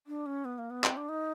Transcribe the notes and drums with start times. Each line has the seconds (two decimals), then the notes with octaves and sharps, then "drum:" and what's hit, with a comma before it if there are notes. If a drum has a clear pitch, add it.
0.07 D4
0.26 C#4
0.45 B3
0.58 A#3
0.70 B3
0.84 C4, drum: clap
0.97 D4
1.09 D#4